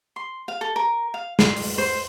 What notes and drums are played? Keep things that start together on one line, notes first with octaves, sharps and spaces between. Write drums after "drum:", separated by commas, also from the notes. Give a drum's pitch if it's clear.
C6
F5
A4
A#4
F5
C6, drum: snare
drum: open hi-hat
C5